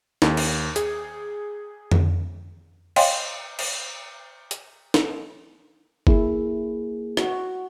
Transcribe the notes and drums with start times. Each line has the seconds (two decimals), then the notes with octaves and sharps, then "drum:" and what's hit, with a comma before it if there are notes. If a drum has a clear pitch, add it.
0.22 D#2, drum: snare
0.37 drum: cymbal
0.76 G#4, drum: hi-hat
1.91 drum: tom F2
2.96 C#5 D#5 F5 G5 G#5 C6, drum: cymbal
3.59 drum: cymbal
4.51 drum: hi-hat
4.94 drum: snare
6.07 A#3 E4 G#4, drum: kick
7.17 F#4, drum: rim click